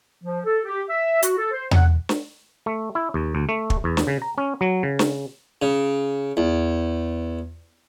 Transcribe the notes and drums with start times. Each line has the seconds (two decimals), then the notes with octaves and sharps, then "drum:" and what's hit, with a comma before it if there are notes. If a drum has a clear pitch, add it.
0.24 F3
0.45 A4
0.64 G4
0.89 E5
1.22 F#4, drum: hi-hat
1.37 A4
1.51 C5
1.71 F#5, drum: tom E2
2.09 drum: snare
2.66 A3
2.95 E4
3.14 D#2
3.35 D2
3.49 A3
3.70 drum: kick
3.84 E2
3.97 drum: snare
4.07 C#3
4.22 A#5
4.38 C#4
4.61 F#3
4.83 C#3
4.99 drum: snare
5.62 C#3
6.37 E2